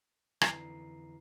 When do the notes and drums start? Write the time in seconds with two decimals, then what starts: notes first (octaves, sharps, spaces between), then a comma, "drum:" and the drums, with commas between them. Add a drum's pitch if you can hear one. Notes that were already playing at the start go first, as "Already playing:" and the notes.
0.41 F2 D3 E3 E4 A#5 C7, drum: rim click